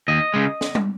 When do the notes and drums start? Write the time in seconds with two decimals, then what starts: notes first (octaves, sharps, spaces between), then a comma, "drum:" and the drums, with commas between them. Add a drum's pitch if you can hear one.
0.08 D#2 D#5
0.34 C#3 G#3
0.61 drum: snare
0.75 drum: tom